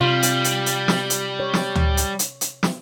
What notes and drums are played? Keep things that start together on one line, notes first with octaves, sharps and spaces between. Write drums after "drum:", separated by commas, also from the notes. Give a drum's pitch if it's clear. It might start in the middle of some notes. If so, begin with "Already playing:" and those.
C3 G3 F4
drum: hi-hat
drum: hi-hat
drum: hi-hat
drum: snare
drum: hi-hat
C#5
drum: snare
drum: tom D2
drum: hi-hat
drum: hi-hat
drum: hi-hat
drum: snare